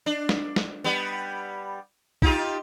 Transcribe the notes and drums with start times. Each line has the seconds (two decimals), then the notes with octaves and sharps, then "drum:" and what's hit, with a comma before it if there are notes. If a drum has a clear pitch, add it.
0.06 D4
0.29 drum: snare
0.56 drum: snare
0.84 G3 B3
2.22 D#4 F4 G4, drum: kick B1